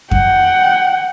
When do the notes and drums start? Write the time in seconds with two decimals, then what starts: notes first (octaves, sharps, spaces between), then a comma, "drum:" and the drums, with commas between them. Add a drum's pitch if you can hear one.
0.11 F#5 G5, drum: kick F2